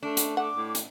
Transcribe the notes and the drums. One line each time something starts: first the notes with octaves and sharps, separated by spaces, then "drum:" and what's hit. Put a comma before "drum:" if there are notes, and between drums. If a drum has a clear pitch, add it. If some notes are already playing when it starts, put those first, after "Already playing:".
A3 D4
drum: hi-hat
A3 F#5 D6
A2
drum: hi-hat